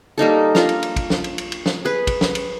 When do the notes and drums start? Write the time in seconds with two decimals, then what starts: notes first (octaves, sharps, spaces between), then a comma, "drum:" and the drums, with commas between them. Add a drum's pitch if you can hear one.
0.18 G3 A#3 D#4 A4
0.55 D4 F4 A#5, drum: snare
0.69 drum: cymbal
0.83 drum: cymbal
0.96 drum: kick, cymbal
1.10 drum: snare
1.24 drum: cymbal
1.38 drum: cymbal
1.52 drum: cymbal
1.66 drum: snare
1.85 G#4 B4
2.07 drum: kick, cymbal
2.21 drum: snare
2.35 drum: cymbal